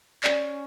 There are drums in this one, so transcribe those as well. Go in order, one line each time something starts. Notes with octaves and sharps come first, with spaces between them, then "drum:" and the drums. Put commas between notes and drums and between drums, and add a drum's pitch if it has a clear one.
C#4 D5, drum: clap